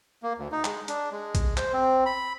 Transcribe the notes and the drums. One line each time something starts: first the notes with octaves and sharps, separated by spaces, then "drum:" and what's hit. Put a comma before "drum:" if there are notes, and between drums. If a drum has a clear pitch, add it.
A#3
D2
D#4
G#3, drum: clap
D4, drum: hi-hat
G#3
drum: kick A#1, hi-hat
C5, drum: clap
C4
B5